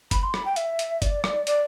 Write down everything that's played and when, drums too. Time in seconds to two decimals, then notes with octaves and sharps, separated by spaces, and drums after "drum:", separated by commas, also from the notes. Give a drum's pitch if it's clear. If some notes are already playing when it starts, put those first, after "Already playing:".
0.11 B5, drum: kick G1, hi-hat
0.23 C6
0.34 B5, drum: rim click
0.45 G5
0.56 E5, drum: hi-hat
0.79 drum: hi-hat
1.02 D5, drum: kick G1, hi-hat
1.24 drum: rim click
1.47 D5, drum: hi-hat